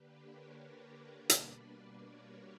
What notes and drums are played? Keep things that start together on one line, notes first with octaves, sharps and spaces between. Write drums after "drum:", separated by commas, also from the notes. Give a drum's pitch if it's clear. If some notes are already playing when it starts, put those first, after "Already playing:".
Already playing: D3 A#3 D4 G4 B4
A#4 C#5
B4 D5
B2 G3 A#3 D4, drum: hi-hat
A#4 C#5